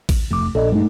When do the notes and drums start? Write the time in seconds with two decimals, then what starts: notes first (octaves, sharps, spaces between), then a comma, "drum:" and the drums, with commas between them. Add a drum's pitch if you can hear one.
0.09 drum: kick A1, cymbal
0.31 F1 A3 D6
0.55 A#1 A4 D5 D#5
0.72 G2 G#3 A3 D#4